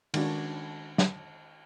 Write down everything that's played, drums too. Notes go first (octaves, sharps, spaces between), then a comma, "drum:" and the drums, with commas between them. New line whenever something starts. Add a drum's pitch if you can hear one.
D#3 G#3 C#4 D4 F#4, drum: cymbal
drum: snare